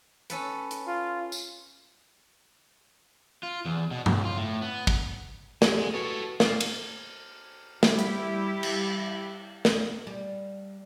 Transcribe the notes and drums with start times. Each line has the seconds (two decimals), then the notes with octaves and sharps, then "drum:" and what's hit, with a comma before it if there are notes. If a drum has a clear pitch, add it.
0.30 C#4 A4 B4, drum: hi-hat
0.71 drum: hi-hat
0.87 F4
1.32 drum: tambourine
3.43 F4
3.65 E2
3.91 B2
4.06 C#2, drum: tom G2
4.25 F4
4.37 A2
4.62 B3
4.87 drum: kick
5.62 A#1 C3 G#3 A3, drum: snare
5.94 B2 A4 C#5
6.40 A#3 F4, drum: snare
6.60 drum: cymbal
7.83 G3 E4 G4, drum: snare
7.99 drum: hi-hat
8.63 drum: cymbal
9.65 drum: snare
10.07 G3